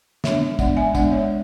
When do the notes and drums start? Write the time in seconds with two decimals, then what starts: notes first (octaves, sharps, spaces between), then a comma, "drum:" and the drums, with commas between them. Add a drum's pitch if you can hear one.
0.24 G#3 B3 D4 C#5 E5, drum: snare
0.59 G#3 B3 D4 D5 F#5, drum: kick, tambourine
0.77 E5 G#5
0.95 G#3 B3 D4 D5 F#5, drum: kick, tambourine
1.12 C#5 E5